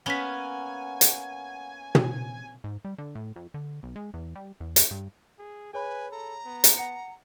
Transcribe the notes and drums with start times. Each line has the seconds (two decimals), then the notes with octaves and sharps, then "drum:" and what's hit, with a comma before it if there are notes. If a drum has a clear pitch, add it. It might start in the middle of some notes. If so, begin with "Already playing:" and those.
0.06 A#3 B3 C#4 F#5 G#5 B6 G7
1.01 drum: hi-hat
1.95 drum: tom
2.64 G#2
2.85 G3
2.98 D3
3.15 A2
3.36 F2
3.54 D3
3.83 B1
3.96 G#3
4.14 E2
4.35 G3
4.60 E2
4.76 drum: hi-hat
4.91 G2
5.39 G#4
5.74 G#4 B4 C#5 G#5 B5
6.12 A4 A#5
6.45 B3
6.64 drum: hi-hat
6.77 F#5 C#7